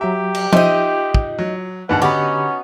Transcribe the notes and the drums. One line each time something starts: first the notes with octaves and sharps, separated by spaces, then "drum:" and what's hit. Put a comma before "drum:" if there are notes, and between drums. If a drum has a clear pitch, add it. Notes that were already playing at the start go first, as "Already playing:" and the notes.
F#3 G4 E5 G5 A#5
drum: cymbal
D#4 F4 C5 D#5 E5, drum: tom F3
drum: kick
F#3
D#2 G#2 D4 D#4 B4 F#5 A5
D3 B3 C#4 D#4 F#4 G4 B5 D6